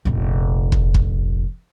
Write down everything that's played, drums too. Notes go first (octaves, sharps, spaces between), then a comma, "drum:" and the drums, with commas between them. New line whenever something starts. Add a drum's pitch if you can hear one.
F1 A#1
drum: kick
drum: kick